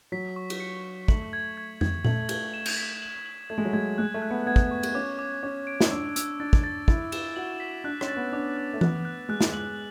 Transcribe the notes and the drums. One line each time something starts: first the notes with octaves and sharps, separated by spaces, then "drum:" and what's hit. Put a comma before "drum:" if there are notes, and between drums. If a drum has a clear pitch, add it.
F#3 B6
C#6
drum: cymbal
C#7
C#7
A3 F#7, drum: kick
G#6
G#6
G#6, drum: tom F2
A3 F#7, drum: tom A#2
G#6, drum: cymbal
E7
drum: cymbal
B6
F#7
F#7
A3 G#6
G#3
F#3
G#3 G#6
G#3 F#6
A3
F#6
B3
B3 G#6
drum: kick
C#6
drum: cymbal
C#4 D6
D6
C#4 D6
D7
drum: snare
D4 E6
E6, drum: hi-hat
D4 A6
drum: kick
A6
E4 A6, drum: kick
E7, drum: cymbal
F#4 F#7
B6
D4 F#6
C#4, drum: rim click
A6
B3
D4 D6
F#6
A3
B3 F#6, drum: tom E3
F#6
G#3 F#6
drum: snare
F#7